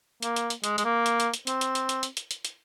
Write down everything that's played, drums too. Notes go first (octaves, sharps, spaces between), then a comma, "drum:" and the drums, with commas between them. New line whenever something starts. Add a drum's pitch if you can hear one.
A#3, drum: hi-hat
drum: hi-hat
drum: hi-hat
G#3, drum: hi-hat
G#3, drum: hi-hat
A#3
drum: hi-hat
drum: hi-hat
drum: hi-hat
C4, drum: hi-hat
drum: hi-hat
drum: hi-hat
drum: hi-hat
drum: hi-hat
drum: hi-hat
drum: hi-hat
drum: hi-hat